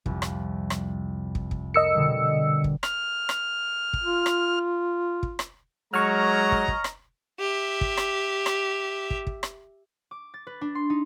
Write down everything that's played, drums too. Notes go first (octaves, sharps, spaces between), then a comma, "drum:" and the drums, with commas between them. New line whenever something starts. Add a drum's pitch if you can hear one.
C2 F2, drum: kick
drum: rim click
drum: rim click
drum: kick
drum: kick
A4 A#4 D#5 E6 C#7
B2 D3 G3
drum: kick
F6, drum: rim click
drum: rim click
drum: kick
F4
drum: rim click
drum: kick
drum: rim click
F#3 G#3 C#5 D#5 A#5 C#6 F6
drum: kick
drum: kick
drum: rim click
G4 E5
drum: kick
drum: rim click
drum: rim click
drum: kick
drum: kick
drum: rim click
D6
A6
B4
D4
C6
D#4